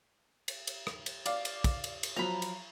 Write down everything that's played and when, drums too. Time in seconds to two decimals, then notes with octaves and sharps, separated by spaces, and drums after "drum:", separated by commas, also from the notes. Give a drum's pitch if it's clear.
0.48 drum: cymbal
0.67 drum: cymbal
0.87 drum: rim click
1.06 drum: cymbal
1.26 D5 F5, drum: cymbal
1.45 drum: cymbal
1.64 drum: kick, cymbal
1.84 drum: cymbal
2.03 drum: cymbal
2.16 F3 F#3 A#5 B5
2.42 drum: cymbal